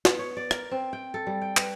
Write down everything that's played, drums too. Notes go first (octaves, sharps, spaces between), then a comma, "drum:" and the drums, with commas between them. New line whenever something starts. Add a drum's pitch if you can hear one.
B3, drum: snare
C#5
D5
A#4, drum: rim click
C4
G5
A4
G3
G5
B4, drum: clap